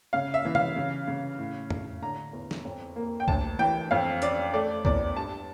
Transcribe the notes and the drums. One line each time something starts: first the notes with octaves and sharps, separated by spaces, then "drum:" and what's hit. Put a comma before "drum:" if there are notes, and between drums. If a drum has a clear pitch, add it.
C#3 F5
E5
E3
F5, drum: tom
C#3
C#3
A2
A2, drum: tom F2
D3 A#5
E2
drum: snare
F2
A#3
G5
D2 A5, drum: kick C2
E3 G5
F2 F5
C#4 D5, drum: hi-hat
A3 D5
E2 D5, drum: kick C2
G2 A5